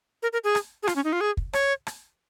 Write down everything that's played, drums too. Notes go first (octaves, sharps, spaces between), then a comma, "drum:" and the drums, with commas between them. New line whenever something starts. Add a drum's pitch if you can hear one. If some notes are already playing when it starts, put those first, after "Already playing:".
A#4
A#4
G#4
drum: rim click
G#4
F4, drum: rim click
C#4
D#4
F4
G#4
drum: kick
C#5, drum: rim click
drum: rim click